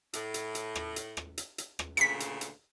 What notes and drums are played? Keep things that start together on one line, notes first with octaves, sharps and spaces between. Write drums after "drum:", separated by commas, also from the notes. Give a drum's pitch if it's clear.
A2, drum: hi-hat
drum: hi-hat
drum: hi-hat
drum: rim click
drum: hi-hat
drum: rim click
drum: hi-hat
drum: hi-hat
drum: rim click
D2 A#2 C#3 B6 C#7, drum: hi-hat
drum: hi-hat
drum: hi-hat